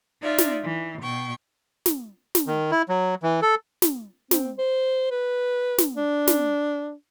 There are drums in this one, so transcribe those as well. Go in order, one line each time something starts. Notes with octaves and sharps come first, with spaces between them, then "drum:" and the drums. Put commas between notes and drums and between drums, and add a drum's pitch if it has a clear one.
D#4 F4 D5 E5
drum: snare
E3
B2 G5 C#6
drum: snare
drum: snare
D#3
E4
F#3
E3
A4
drum: snare
C4, drum: snare
C5
B4
drum: snare
D4
drum: snare